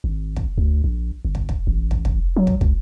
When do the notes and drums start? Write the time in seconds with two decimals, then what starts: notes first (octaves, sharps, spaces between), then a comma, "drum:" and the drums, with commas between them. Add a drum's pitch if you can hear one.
0.04 G#1
0.36 drum: kick
0.58 D2
0.84 A#1
1.25 G1
1.35 drum: kick
1.49 drum: kick
1.67 A1
1.91 drum: kick
2.05 drum: kick
2.36 F#3
2.47 drum: kick
2.61 C#2, drum: kick